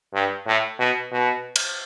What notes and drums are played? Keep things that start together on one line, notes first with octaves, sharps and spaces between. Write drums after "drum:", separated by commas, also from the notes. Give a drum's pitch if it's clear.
G2
A2
B2
B2
drum: cymbal